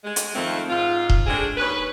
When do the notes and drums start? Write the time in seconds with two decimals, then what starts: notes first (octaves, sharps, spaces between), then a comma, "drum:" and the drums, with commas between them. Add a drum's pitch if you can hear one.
0.04 G#3
0.16 drum: hi-hat
0.35 F2 D#3 F3 A3 C4
0.70 G#2 F4
1.09 drum: kick D#1
1.27 G#3 A3 C4 D4 G#4
1.58 D#2 C#4 B4